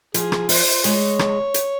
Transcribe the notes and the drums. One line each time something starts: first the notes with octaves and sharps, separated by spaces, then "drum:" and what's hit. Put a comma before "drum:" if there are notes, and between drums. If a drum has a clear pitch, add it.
F3 G#4, drum: hi-hat
drum: rim click
F4 C5, drum: open hi-hat
G#3 G#4 C#5, drum: hi-hat
drum: rim click
drum: hi-hat